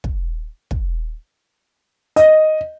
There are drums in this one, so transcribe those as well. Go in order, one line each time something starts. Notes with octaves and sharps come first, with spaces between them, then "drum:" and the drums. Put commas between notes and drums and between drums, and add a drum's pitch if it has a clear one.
drum: kick
drum: kick
D#5, drum: hi-hat